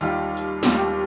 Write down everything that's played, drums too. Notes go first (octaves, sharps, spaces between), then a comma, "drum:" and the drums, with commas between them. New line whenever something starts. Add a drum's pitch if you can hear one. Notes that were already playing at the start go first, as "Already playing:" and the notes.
D#2 D#3 G3 F4
drum: hi-hat
D#2 D#3 G3 F4, drum: snare
G4